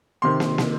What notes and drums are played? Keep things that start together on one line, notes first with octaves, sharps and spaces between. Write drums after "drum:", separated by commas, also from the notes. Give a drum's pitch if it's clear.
C3 D#3 C6
drum: snare
drum: snare